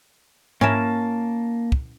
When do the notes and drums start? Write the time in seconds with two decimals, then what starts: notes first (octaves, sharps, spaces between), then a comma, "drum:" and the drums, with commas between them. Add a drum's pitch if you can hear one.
0.61 A#3 C#4 E4 A#4 A5, drum: tom G#2
1.72 drum: kick